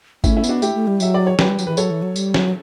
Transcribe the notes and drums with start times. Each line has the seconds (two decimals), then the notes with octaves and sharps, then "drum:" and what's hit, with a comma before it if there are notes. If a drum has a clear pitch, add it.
0.24 A3 C#4 E4, drum: kick G#1, tambourine
0.37 C#4 E4
0.44 B3, drum: tambourine
0.49 D4 F#4
0.62 A3 E4 G4, drum: tambourine
0.74 A3
0.87 G3
1.00 F#3 E5, drum: tambourine
1.14 D5
1.27 C#5
1.39 F#3 G4 B4, drum: snare
1.49 G3
1.59 F#3, drum: tambourine
1.67 E3 B4
1.77 F#3 A4 C#5, drum: tambourine
1.90 E3
2.02 F#3
2.16 G3, drum: tambourine
2.34 F#3, drum: snare